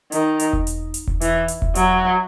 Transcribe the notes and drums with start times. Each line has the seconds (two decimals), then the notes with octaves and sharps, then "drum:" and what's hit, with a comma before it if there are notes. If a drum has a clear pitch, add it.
0.12 D#3, drum: hi-hat
0.40 drum: hi-hat
0.53 drum: kick E1
0.67 drum: hi-hat
0.94 drum: hi-hat
1.07 drum: kick E1
1.21 E3, drum: hi-hat
1.48 drum: hi-hat
1.62 drum: kick E1
1.75 F#3, drum: hi-hat